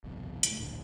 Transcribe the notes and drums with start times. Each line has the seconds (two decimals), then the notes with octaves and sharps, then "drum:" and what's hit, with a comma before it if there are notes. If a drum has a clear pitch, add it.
0.04 G1 C2 F2 B2
0.43 C#2 A2, drum: hi-hat
0.58 D1 A#1 D3